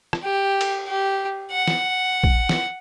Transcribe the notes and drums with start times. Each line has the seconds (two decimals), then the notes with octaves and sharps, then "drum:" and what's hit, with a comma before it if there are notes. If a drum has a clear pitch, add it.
0.13 drum: rim click
0.23 G4
0.61 drum: cymbal
0.88 G4
1.51 F#5
1.67 drum: snare
2.23 drum: kick
2.49 drum: snare